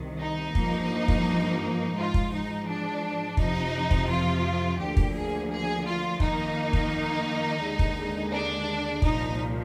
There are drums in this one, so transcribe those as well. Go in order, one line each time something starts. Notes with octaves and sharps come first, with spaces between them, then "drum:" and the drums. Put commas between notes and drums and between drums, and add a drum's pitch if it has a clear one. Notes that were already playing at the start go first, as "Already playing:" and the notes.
Already playing: C2 C3 D#3
D#4
G2 F3 A#3, drum: kick
drum: kick
G#2 F3 G#3 F4
drum: kick
D#4
D4
F2 C3 F3 D#4, drum: kick
drum: kick
F4
D2 D3 F3 A#3 G4
drum: kick
G#4
G#4
F4
F2 D#3 A#3 D#4, drum: kick
drum: kick
D#2 D3 G#3
drum: kick
D4
C2 A#2 F3 D#4, drum: kick